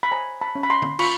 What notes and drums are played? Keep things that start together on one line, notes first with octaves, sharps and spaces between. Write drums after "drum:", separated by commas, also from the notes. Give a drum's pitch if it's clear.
B5
C5 G#5 A#5
A5 B5
C#4
B5
A#5 C6
drum: tom
F4 B5 C#6, drum: cymbal